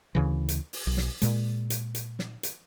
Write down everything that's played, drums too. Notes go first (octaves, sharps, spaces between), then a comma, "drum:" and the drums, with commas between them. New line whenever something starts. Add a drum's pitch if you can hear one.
D2 C#3 E3
drum: hi-hat
drum: open hi-hat
B1
drum: snare
A#2 G#3, drum: hi-hat
drum: hi-hat
drum: hi-hat
drum: snare
drum: hi-hat